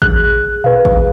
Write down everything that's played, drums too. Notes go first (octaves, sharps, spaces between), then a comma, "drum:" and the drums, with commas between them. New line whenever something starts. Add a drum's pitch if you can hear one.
G#4 F#6, drum: kick A1
B4 F5, drum: tom A#2
drum: kick A1